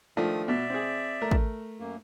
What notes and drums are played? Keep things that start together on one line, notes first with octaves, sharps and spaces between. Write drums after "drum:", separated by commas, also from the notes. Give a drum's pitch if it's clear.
D#3 F3 A3 D4 D#6
B2 D5 E5
C4 G#4
A3 A#4
drum: kick
F#2 A#3